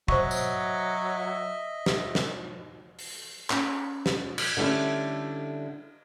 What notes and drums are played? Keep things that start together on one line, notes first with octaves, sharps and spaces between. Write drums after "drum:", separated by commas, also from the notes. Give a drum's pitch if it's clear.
F#3 C5 D#5 E5 C#6, drum: kick
drum: tambourine
drum: snare
drum: snare
drum: open hi-hat
C#4, drum: clap
drum: snare
drum: cymbal
D3 G3 A3 C#4 E4